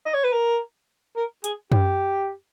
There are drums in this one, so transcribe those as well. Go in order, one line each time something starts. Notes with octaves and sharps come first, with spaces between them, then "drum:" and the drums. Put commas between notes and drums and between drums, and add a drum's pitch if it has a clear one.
D#5
C#5
B4
A#4
A#4
G#4, drum: hi-hat
G4, drum: tom F#2